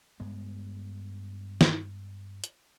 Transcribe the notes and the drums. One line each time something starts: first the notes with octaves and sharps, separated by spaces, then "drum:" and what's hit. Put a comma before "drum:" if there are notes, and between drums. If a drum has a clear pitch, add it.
G2 G#3 B3
drum: snare
drum: hi-hat